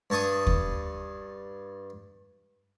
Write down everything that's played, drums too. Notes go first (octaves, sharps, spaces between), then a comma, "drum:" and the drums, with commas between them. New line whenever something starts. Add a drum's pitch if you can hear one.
G2 A5 C#6 D#6
drum: kick